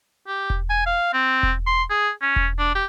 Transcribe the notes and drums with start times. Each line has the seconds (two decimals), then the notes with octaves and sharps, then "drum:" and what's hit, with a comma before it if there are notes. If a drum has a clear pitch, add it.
0.27 G4
0.50 drum: kick E1
0.70 G#5
0.86 F5
1.13 C4
1.43 drum: kick E1
1.66 C6
1.90 G#4
2.22 C#4
2.36 drum: kick E1
2.59 D4
2.75 G4